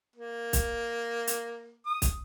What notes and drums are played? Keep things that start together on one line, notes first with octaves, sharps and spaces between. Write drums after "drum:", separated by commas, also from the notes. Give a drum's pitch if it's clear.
A#3
drum: kick, hi-hat
drum: hi-hat
D#6
drum: kick, hi-hat